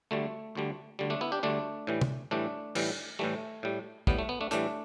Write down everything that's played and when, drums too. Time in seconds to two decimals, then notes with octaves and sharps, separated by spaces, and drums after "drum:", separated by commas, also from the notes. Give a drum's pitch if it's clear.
0.11 D2 D3 G3 A3
0.55 D2 D3 G3
0.99 D2 D3 G3
1.10 A3 D4
1.21 B3 E4
1.32 D4 G4
1.43 D2 D3 G3 A3 D4
1.87 A2 E3 G3
2.01 drum: tom
2.31 A2 E3 G3 A3 D4
2.75 A2 E3 G3, drum: cymbal
3.19 A2 E3 G3 A3
3.63 A2 G3
4.07 A2 G3 B3, drum: kick
4.19 A3
4.29 B3
4.41 A3 D4
4.51 A2 E3 G3 A3 D4, drum: hi-hat